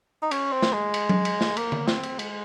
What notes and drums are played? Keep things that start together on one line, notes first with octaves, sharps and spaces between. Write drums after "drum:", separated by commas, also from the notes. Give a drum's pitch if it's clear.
D#4
C#4, drum: cymbal
C4
drum: snare
G#3
drum: cymbal
drum: tom F#3
drum: cymbal
drum: snare
A#3, drum: cymbal
drum: tom D3
C4, drum: snare
drum: cymbal
G#3, drum: cymbal